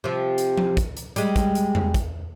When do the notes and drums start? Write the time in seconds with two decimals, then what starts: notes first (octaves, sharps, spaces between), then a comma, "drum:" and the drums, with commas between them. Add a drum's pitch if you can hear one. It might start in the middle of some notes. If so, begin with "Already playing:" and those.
0.04 C3 F3
0.38 drum: hi-hat
0.57 drum: tom F3
0.77 drum: kick, hi-hat
0.97 drum: hi-hat
1.16 G3 G#3, drum: hi-hat
1.36 drum: kick, hi-hat
1.55 drum: hi-hat
1.75 drum: tom E2
1.94 drum: kick, hi-hat